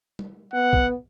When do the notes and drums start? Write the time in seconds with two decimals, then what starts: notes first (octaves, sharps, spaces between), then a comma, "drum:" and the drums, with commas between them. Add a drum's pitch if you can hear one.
0.19 drum: tom G3
0.53 B3 F#5
0.73 drum: kick B1